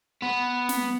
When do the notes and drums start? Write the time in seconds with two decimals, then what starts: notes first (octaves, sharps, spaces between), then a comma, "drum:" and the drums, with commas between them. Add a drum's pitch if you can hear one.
0.22 B3
0.69 drum: snare